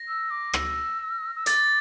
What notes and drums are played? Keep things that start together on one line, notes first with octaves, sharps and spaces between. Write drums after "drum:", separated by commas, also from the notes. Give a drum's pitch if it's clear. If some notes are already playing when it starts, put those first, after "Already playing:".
Already playing: A#6
E6
D6
E6, drum: rim click
E6
D6 A6, drum: hi-hat